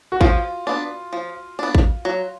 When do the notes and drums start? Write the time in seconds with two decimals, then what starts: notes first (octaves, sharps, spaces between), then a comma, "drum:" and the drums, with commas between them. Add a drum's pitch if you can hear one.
0.12 F#4
0.21 F3 F4, drum: kick A1
0.67 B3 D4
1.13 F3
1.59 B3 D4
1.75 drum: kick A1
2.05 F#3